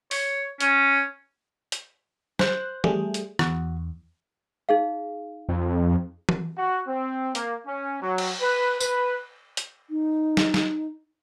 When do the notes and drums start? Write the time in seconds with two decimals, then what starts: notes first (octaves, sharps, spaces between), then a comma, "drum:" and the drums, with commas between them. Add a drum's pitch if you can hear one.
0.11 C#5, drum: open hi-hat
0.61 C#4, drum: hi-hat
1.72 drum: hi-hat
2.39 C5 F#6, drum: snare
2.84 G3 A3 G#4, drum: tom E3
3.14 drum: hi-hat
3.39 E2 F#4, drum: rim click
4.69 D#4 G#4 F5
5.49 F2
6.29 drum: tom E3
6.57 F#4
6.88 C4
7.35 A#3, drum: hi-hat
7.67 C#4
8.02 F#3
8.18 drum: cymbal
8.41 B4
8.80 B4, drum: tambourine
9.57 drum: hi-hat
9.90 D#4
10.37 drum: snare
10.54 drum: snare